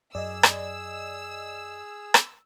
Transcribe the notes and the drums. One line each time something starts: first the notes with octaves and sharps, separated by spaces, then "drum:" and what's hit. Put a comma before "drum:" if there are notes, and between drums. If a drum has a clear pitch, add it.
F#2 G#4 D5 D#5 E6
drum: rim click
drum: rim click